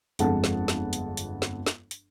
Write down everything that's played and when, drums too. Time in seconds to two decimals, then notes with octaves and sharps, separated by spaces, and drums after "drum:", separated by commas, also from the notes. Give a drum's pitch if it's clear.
0.19 G1 F2 G#3 A4 F#5 A5, drum: hi-hat
0.44 drum: snare
0.68 drum: snare
0.93 drum: hi-hat
1.17 drum: hi-hat
1.42 drum: snare
1.66 drum: snare
1.91 drum: hi-hat